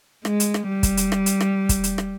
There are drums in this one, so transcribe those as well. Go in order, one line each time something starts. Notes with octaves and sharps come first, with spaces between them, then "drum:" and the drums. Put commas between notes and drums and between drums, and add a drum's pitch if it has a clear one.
G#3, drum: rim click
drum: hi-hat
drum: rim click
G3
drum: kick, hi-hat
drum: hi-hat
drum: rim click
drum: hi-hat
drum: rim click
drum: kick, hi-hat
drum: hi-hat
drum: rim click